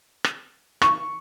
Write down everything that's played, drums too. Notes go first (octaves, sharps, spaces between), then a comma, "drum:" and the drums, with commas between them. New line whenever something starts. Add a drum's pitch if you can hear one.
drum: rim click
C#6, drum: rim click